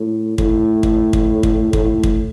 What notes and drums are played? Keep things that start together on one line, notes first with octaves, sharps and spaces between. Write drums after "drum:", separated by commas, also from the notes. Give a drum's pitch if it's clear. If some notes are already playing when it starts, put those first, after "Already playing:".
Already playing: A2
A2, drum: kick
drum: kick
drum: kick
drum: kick
A2, drum: kick
drum: kick